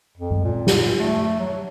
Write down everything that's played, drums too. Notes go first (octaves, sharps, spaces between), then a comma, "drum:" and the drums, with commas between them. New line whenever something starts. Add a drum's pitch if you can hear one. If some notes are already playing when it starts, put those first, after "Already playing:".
F2
drum: tom F#2
A#2
drum: snare
A3
F#3